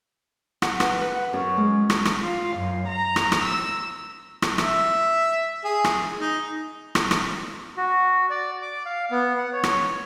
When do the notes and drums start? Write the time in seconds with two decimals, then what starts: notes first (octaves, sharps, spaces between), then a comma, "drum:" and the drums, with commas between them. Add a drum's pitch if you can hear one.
0.62 F#5, drum: rim click
0.80 B4, drum: rim click
1.01 B4
1.15 F#5
1.33 F#2
1.57 G#3
1.90 drum: rim click
2.05 drum: rim click
2.23 F4
2.56 F#2
2.87 A#5
3.16 drum: rim click
3.32 drum: rim click
3.42 E6
4.42 drum: rim click
4.58 E5, drum: rim click
5.65 G#4
5.84 drum: rim click
6.20 D#4
6.95 drum: rim click
7.11 drum: rim click
7.77 F#4
8.30 D5
8.62 D6
8.86 F5
9.11 B3
9.38 F#5
9.53 C#5
9.64 drum: rim click